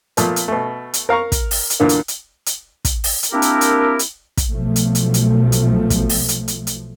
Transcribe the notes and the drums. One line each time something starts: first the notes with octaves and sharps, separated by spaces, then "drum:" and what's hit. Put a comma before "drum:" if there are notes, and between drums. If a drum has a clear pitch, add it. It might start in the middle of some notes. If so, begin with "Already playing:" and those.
A#2 F3 A3 B3, drum: hi-hat
drum: hi-hat
B2 A3
drum: hi-hat
A#4 F5 A#5 C#6
drum: kick, hi-hat
drum: open hi-hat
drum: hi-hat
E2 A#2 D3 A#3
drum: hi-hat
drum: hi-hat
drum: hi-hat
drum: kick, hi-hat
drum: open hi-hat
drum: hi-hat
A#3 C4 D4 E4 G4 A#4
drum: hi-hat
drum: hi-hat
drum: hi-hat
drum: kick, hi-hat
B1 B2 F3 A3
drum: hi-hat
drum: hi-hat
drum: hi-hat
drum: hi-hat
drum: kick, hi-hat
drum: open hi-hat
drum: hi-hat
drum: hi-hat
drum: hi-hat